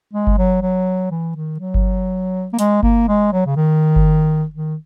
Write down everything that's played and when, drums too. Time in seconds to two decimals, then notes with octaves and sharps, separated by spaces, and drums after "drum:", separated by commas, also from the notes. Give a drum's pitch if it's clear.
0.13 G#3
0.27 drum: kick G1
0.38 F#3
0.62 F#3
1.11 E3
1.36 D#3
1.59 F#3
1.74 drum: kick G1
2.53 A#3
2.59 G#3, drum: hi-hat
2.83 A#3, drum: kick G1
3.08 G#3
3.32 F#3
3.46 C#3
3.56 D#3
3.96 drum: kick G1
4.54 D#3